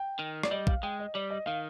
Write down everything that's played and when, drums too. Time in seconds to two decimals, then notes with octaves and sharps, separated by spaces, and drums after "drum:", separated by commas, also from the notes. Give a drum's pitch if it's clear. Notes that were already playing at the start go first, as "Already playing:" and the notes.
Already playing: G5
0.19 D#3
0.43 D5, drum: rim click
0.51 G3 D#5
0.67 F5, drum: kick
0.83 G#3 G5
0.99 D#5
1.14 G3 D5
1.30 D#5
1.46 D#3 F5